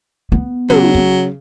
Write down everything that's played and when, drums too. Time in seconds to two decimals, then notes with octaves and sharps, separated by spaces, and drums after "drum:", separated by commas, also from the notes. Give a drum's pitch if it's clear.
0.32 B3
0.70 C#3 F#3, drum: tom
0.95 drum: kick